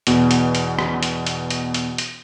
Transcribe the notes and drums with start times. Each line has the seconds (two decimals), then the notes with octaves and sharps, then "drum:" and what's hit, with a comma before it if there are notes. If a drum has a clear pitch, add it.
0.07 E2 B2, drum: hi-hat
0.31 drum: hi-hat
0.55 drum: hi-hat
0.79 drum: rim click
1.03 drum: hi-hat
1.27 drum: hi-hat
1.50 drum: hi-hat
1.74 drum: hi-hat
1.98 drum: hi-hat